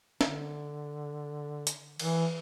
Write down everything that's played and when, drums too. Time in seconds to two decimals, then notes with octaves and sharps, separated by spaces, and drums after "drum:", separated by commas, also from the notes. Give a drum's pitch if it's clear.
0.21 D3, drum: snare
1.67 drum: hi-hat
2.00 E3, drum: cymbal